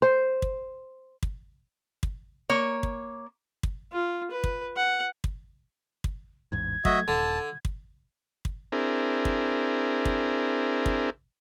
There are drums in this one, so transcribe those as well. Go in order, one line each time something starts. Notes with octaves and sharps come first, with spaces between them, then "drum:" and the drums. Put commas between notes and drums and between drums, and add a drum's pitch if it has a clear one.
C5
drum: kick
drum: kick
drum: kick
A#3 C#5
drum: kick
drum: kick
F4
B4
drum: kick
F#5
drum: kick
drum: kick
A1 E2 G#2 G#6
F#3 A3 F#4 D#5 E5, drum: kick
D#1 D3 A5
drum: kick
drum: kick
C4 D4 E4 G#4 A#4
drum: kick
drum: kick
drum: kick